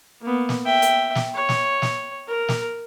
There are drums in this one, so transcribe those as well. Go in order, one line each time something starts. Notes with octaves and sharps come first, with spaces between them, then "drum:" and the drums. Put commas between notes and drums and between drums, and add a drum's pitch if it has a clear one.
A#3 B3
drum: snare
E5 G5
drum: hi-hat
drum: snare
C#5
drum: snare
drum: snare
A#4
drum: snare